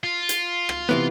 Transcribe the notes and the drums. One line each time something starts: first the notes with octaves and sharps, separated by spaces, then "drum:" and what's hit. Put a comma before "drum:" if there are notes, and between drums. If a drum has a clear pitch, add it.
F4
drum: hi-hat
drum: rim click
C3 E3 B3